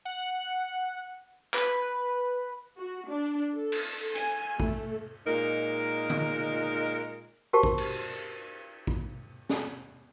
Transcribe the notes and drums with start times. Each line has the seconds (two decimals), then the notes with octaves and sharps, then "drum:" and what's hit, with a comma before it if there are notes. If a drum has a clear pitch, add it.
0.05 F#5
1.54 B4, drum: clap
2.77 F#4
3.08 D4
3.55 A4
3.72 drum: cymbal
4.15 G#5, drum: hi-hat
4.60 A3, drum: kick
5.26 A#2 G#3 D#4 A#4
6.10 drum: tom D3
7.53 F#4 G4 A#4 C5 A5 C#6
7.63 drum: kick
7.78 drum: cymbal
8.87 drum: kick
9.49 drum: snare